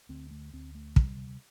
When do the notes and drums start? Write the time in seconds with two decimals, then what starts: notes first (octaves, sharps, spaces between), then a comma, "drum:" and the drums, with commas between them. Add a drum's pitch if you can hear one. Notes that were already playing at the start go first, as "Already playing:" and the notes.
0.09 D2 C4
0.31 A3
0.53 D2 C4
0.75 A3
0.96 C3 G3, drum: kick